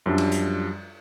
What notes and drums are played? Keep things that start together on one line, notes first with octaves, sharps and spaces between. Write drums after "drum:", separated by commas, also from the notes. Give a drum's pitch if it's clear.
F#2 F3 G3 D4 E6
drum: cymbal
drum: hi-hat